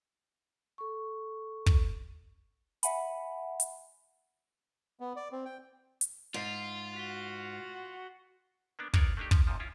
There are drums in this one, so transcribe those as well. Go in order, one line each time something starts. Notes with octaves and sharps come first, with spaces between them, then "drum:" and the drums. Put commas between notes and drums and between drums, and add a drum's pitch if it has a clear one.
A4 C#6
drum: kick
E5 F#5 G#5 B5, drum: hi-hat
drum: hi-hat
B3
D5
C4
G5
drum: hi-hat
G#2 F4 A6 C7 F7
F#4 B6 G7
A#3 B3 D4
A#3 B3 F4 A#4 C#5 D5, drum: kick
A3 A#3 D4 D#4 G4
F3 C#4, drum: kick
F#2 A#2 F3
C#4 E4 F4